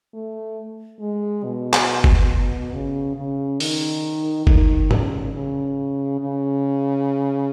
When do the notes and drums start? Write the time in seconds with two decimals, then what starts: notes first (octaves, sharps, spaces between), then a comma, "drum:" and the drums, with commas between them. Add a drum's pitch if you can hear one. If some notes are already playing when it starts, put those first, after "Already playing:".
0.14 A3
1.00 G#3
1.44 B2
1.73 drum: clap
2.04 drum: kick G1
2.74 C#3
3.17 C#3
3.60 D#3, drum: open hi-hat
4.47 D#3, drum: kick G1
4.91 C#3, drum: tom G#2
5.34 C#3
6.21 C#3